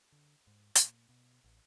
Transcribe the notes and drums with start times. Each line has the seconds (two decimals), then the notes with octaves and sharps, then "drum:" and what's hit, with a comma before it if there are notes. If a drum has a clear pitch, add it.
0.12 D3
0.47 G#2
0.76 A#2, drum: hi-hat
1.09 B2
1.44 A1